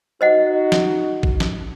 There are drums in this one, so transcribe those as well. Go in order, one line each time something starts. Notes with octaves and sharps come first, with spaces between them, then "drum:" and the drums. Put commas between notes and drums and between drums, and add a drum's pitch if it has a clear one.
D#4 F#4 C5 D#5 F#5
drum: snare
drum: kick
drum: snare